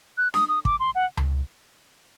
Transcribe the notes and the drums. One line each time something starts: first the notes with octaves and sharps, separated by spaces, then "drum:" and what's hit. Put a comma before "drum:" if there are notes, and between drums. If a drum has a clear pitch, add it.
F#6
D#6, drum: snare
D#6
D6, drum: kick
C6
F#5
drum: tom C#2